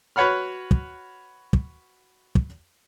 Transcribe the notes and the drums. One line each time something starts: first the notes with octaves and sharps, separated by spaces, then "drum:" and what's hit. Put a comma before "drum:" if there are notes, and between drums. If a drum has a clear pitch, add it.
F#4 B4 C#5 F#5 B5 F6
drum: kick
drum: kick
drum: kick